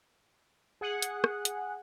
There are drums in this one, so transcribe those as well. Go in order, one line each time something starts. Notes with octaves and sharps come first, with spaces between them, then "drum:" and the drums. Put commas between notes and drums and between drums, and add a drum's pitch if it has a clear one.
G#4 F#5
drum: hi-hat
drum: rim click
drum: hi-hat